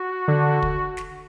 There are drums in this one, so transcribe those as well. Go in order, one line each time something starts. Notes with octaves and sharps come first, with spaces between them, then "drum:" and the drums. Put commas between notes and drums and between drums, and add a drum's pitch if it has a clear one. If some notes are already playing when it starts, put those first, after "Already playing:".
Already playing: F#4
D3
drum: kick
drum: snare